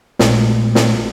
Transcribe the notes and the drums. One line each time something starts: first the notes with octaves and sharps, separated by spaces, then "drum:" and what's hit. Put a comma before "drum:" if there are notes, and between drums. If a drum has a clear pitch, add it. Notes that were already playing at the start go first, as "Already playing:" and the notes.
A#1 A#2 G#3 A3, drum: snare
drum: snare